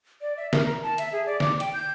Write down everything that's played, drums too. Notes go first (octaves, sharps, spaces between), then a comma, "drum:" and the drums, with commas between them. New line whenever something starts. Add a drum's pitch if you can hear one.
D5
E5
A#4, drum: snare
A#5
A5
E5, drum: hi-hat
G#4
D5
D6, drum: snare
G5, drum: hi-hat
G6